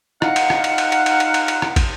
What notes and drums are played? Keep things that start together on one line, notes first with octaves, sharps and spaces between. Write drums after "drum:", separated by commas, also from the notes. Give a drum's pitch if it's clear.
D#4 F5 F#5, drum: rim click
drum: cymbal
drum: rim click
drum: cymbal
drum: cymbal
drum: cymbal
drum: cymbal
drum: cymbal
drum: cymbal
drum: cymbal
drum: rim click
drum: kick, cymbal